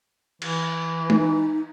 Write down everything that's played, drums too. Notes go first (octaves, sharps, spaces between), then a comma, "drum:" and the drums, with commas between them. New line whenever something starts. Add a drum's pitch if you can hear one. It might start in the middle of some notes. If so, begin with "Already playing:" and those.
E3, drum: cymbal
D#4, drum: tom G#3